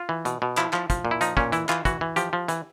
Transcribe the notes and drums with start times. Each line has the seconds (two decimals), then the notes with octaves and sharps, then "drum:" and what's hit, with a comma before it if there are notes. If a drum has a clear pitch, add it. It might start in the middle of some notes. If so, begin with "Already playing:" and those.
Already playing: F4
0.09 E3
0.25 B2, drum: hi-hat
0.42 B2
0.57 F3 E4, drum: clap
0.73 F3, drum: clap
0.90 F3, drum: kick, hi-hat
1.05 A#2
1.11 E4
1.21 F3 D#4, drum: hi-hat
1.37 A#2 C#4, drum: kick
1.52 E3 E4, drum: hi-hat
1.69 E3 F4, drum: clap
1.85 E3 F#4, drum: kick, hi-hat
2.01 E3
2.16 F3 G4, drum: hi-hat
2.33 F3
2.48 E3, drum: hi-hat